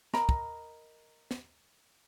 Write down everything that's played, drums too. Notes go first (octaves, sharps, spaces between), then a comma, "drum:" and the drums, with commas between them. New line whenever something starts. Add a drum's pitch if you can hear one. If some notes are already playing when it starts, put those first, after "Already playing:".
A#4 D#5 A#5 B5, drum: snare
drum: kick
drum: snare